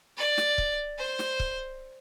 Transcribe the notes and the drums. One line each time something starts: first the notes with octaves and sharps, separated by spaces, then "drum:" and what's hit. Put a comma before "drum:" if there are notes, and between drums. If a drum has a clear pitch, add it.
D5
drum: snare
drum: kick
C5
drum: snare
drum: kick